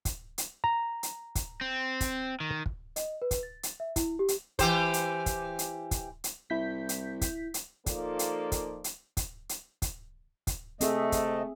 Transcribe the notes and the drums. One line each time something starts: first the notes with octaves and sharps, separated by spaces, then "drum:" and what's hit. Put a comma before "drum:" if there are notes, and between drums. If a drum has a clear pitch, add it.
drum: kick, hi-hat
drum: hi-hat
A#5
drum: hi-hat
drum: kick, hi-hat
C4
drum: kick, hi-hat
D#3
drum: kick
D#5, drum: hi-hat
B4
drum: kick, hi-hat
A6
drum: hi-hat
E5
E4, drum: kick, hi-hat
G4
drum: hi-hat
E3 G4 C5, drum: kick, hi-hat
drum: hi-hat
drum: kick, hi-hat
drum: hi-hat
drum: kick, hi-hat
drum: hi-hat
C2 E4 G6 B6
drum: hi-hat
drum: kick, hi-hat
drum: hi-hat
F3 A#3 D#4 F4 A4 D5, drum: kick, hi-hat
drum: hi-hat
drum: kick, hi-hat
drum: hi-hat
drum: kick, hi-hat
drum: hi-hat
drum: kick, hi-hat
drum: kick, hi-hat
C3 A3 C4 G#4 D#5 E5, drum: hi-hat
drum: kick, hi-hat